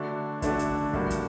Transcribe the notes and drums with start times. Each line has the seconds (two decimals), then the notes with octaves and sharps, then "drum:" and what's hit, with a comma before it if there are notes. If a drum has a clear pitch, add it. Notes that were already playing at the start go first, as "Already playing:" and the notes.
Already playing: D3 A3 D4 F#4
0.42 D3 A3 D4 F#4, drum: kick, hi-hat
0.59 drum: hi-hat
0.93 A2 G3 A#3 D4 F#4, drum: kick
1.10 drum: kick, hi-hat